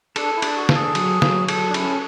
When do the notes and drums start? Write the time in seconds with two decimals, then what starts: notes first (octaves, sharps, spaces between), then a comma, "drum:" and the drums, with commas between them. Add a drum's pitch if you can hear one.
0.16 D4 A4, drum: cymbal
0.36 E4
0.42 D4, drum: cymbal
0.56 F#4
0.69 A4, drum: snare
0.75 G#4
0.95 F#3, drum: cymbal
1.22 F#3, drum: snare
1.48 A4, drum: cymbal
1.69 D4
1.74 C#4 E4, drum: cymbal